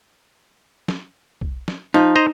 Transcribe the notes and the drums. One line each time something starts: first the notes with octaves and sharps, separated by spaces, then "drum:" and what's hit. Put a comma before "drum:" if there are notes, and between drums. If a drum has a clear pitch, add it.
drum: snare
drum: kick B1
drum: snare
F3 D#4
C5 D#5 A#5